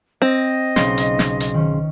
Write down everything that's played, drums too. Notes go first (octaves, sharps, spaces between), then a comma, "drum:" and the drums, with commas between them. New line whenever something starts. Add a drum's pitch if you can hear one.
C4 D#5
B1 C#3 D#4 C6, drum: snare
drum: hi-hat
drum: snare
drum: hi-hat
D#3 C#4